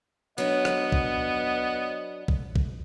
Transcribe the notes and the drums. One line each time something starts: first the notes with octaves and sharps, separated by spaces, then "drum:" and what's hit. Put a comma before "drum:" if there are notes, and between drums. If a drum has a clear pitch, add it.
F#3 B3 D4 D#5
drum: rim click
drum: kick
drum: kick
drum: kick